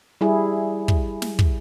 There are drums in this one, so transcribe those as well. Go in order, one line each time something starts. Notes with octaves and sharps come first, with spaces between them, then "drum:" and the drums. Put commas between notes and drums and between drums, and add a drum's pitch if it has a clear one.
G3 E4 G#4
drum: kick
drum: snare
drum: kick